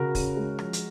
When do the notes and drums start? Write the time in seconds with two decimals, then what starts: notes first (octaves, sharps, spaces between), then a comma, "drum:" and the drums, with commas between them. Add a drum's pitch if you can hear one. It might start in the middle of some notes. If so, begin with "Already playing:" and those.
Already playing: C#3 F#4 A#4
0.15 C#4, drum: kick, open hi-hat
0.37 G#3
0.59 F3, drum: rim click
0.73 drum: hi-hat